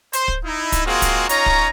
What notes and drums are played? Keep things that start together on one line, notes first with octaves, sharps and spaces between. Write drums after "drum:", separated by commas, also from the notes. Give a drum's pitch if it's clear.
C5, drum: hi-hat
drum: kick
D#4 E4
drum: kick, hi-hat
G#3 A#3 C4 F4 F#4 G#4
drum: kick, hi-hat
C#4 D#4 F4 C#5 A#5, drum: hi-hat
drum: kick